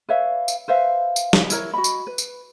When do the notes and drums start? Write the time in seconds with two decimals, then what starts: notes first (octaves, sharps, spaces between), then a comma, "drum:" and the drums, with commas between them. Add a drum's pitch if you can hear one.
0.09 B4 C#5 E5 F5
0.48 drum: tambourine
0.68 B4 C5 E5 F5
1.16 drum: tambourine
1.33 drum: snare
1.50 E4 A#4 C#5, drum: tambourine
1.74 F#4 D#5 B5
1.84 drum: tambourine
2.07 B4
2.18 drum: tambourine